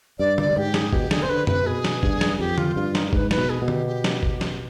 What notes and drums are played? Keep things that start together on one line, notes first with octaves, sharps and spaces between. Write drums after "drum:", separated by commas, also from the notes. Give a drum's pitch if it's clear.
G2 D5
D5, drum: tom
G2
G#2 G4
G#4, drum: snare
B2 G4, drum: kick G#1
D3 G#4, drum: snare
C3 C5
D3 B4
C3 B4, drum: tom F#2
B2 G#4
drum: snare
G2, drum: kick G#1
drum: snare
F2 G4
F4, drum: tom
G2 F4
D#4, drum: snare
G#2 B4, drum: kick G#1
B4, drum: snare
B2
G#4
B2
G4, drum: tom
G4
drum: snare
drum: kick G#1
drum: snare